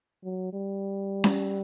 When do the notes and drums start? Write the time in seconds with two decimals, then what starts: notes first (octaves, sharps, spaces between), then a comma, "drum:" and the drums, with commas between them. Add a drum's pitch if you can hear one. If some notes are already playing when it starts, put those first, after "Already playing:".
0.24 F#3
0.53 G3
1.24 drum: snare C#4